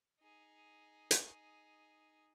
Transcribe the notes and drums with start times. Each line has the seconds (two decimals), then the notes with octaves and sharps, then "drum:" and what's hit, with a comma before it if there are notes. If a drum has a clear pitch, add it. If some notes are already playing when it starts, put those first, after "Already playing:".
0.21 D#4 G#4
1.11 drum: hi-hat